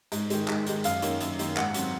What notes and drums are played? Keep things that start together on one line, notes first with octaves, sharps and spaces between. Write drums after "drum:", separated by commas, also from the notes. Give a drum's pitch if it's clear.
G#2, drum: hi-hat
D#3 G#3, drum: hi-hat
G#2, drum: clap
D#3 G#3, drum: hi-hat
F#2 F5, drum: hi-hat
D#3 A#3 C#4, drum: hi-hat
F#2, drum: hi-hat
D#3 A#3 C#4, drum: hi-hat
G#2 F#5, drum: clap
F#3 C4, drum: hi-hat